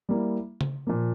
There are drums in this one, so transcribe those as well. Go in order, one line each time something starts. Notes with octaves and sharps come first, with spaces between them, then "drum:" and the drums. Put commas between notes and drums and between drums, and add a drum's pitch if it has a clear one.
G3 A#3 E4
drum: tom C#3
A#2 F3 A#3